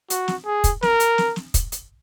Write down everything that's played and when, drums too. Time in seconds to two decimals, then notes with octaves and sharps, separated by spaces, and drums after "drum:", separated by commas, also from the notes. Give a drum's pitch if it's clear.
0.10 F#4, drum: hi-hat
0.28 drum: snare
0.45 G#4
0.64 drum: kick, hi-hat
0.82 A#4, drum: snare
1.00 drum: hi-hat
1.18 drum: snare
1.36 drum: snare
1.54 drum: kick, hi-hat
1.72 drum: hi-hat